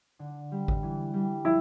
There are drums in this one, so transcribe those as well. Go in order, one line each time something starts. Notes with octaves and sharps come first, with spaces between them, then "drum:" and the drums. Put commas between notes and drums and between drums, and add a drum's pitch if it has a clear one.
D3
G3
drum: kick G#1
E3
G3
F3 E4